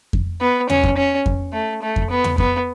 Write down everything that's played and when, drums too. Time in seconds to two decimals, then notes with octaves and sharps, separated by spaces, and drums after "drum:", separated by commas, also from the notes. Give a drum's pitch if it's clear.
0.13 drum: kick F2
0.41 B3
0.70 C#4, drum: tom E2
0.84 drum: kick F2
0.97 C#4
1.26 drum: kick F2
1.53 A3
1.82 A3
1.96 drum: kick F2
2.10 B3
2.24 drum: tom E2
2.38 B3, drum: kick F2